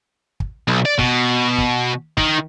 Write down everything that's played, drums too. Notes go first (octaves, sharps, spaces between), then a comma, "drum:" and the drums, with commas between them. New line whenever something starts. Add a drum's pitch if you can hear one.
drum: kick
B1
D5
B2, drum: kick
drum: kick
D#3, drum: kick